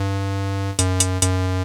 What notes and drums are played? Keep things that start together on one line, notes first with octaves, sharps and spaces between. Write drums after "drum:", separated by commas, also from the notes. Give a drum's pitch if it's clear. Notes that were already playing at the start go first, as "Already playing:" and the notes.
Already playing: G2
F#2, drum: hi-hat
drum: hi-hat
F#2, drum: hi-hat